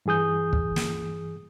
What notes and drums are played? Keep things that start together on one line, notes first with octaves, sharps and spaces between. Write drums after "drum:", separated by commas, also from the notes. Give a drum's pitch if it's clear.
G2 E3 G#4 D#6 G6
drum: kick
drum: snare